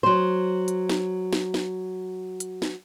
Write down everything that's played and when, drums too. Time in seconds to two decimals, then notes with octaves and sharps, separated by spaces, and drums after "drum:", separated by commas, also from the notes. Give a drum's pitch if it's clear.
0.03 F#3 C5
0.68 drum: hi-hat
0.89 drum: snare
1.33 drum: snare
1.54 drum: snare
2.40 drum: hi-hat
2.62 drum: snare